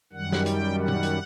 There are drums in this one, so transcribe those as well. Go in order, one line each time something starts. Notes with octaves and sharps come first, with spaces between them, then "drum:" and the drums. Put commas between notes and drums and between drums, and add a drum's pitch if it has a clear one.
F#2 D#3 G3 F#5
drum: snare
G5, drum: hi-hat
F#5
drum: tom A#2
drum: hi-hat